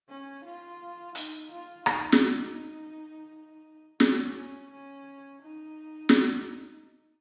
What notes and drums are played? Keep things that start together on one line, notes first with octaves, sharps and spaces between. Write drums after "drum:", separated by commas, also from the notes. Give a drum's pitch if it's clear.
C#4
F4
D#4, drum: hi-hat
F4
D#4, drum: rim click
drum: snare
C#4, drum: snare
C#4
C#4
D#4
drum: snare